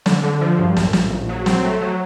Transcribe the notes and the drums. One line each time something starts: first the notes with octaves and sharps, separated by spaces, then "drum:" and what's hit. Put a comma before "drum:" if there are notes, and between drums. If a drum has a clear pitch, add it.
D3, drum: snare
D3
F3
G2
A#1, drum: snare
A#1, drum: snare
A#1
F#3
C4, drum: snare
A3
F#3